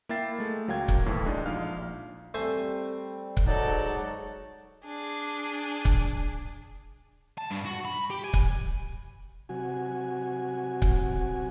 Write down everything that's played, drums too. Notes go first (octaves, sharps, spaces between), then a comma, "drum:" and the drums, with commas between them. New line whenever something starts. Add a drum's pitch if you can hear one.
A#3 E4 E5 G5 A6 C7
G#3 A3
C#2 F#3 A#3 F5 G5 G#6
drum: kick C#1
D#2 A2 E3
G#3 D4 D#4 G#4
A#1 F5 F6
G3 A3 C4 C5 G#5
drum: kick C#1
G#2 F#3 D#4 A4 C#5 D5 F#5
D4 G#4
drum: kick C#1
A5
G2
F#4
B5
G4
G#5
drum: kick C#1
C3 F#3 F#4 G#5
drum: kick C#1